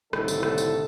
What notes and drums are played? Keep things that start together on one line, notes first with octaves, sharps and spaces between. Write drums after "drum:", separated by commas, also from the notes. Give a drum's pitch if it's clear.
C2 A2 D3 D#3 D4 A4, drum: rim click
drum: tambourine
drum: rim click
drum: tambourine